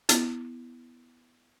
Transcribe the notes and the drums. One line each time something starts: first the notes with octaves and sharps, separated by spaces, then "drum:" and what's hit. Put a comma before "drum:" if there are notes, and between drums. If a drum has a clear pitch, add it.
B3 E4, drum: hi-hat